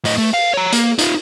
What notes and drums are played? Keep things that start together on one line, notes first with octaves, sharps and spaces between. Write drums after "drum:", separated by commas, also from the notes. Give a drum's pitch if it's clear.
A2 D#5, drum: open hi-hat
A3
F5
C#5 A#5
A#3, drum: hi-hat
D#4 F4, drum: hi-hat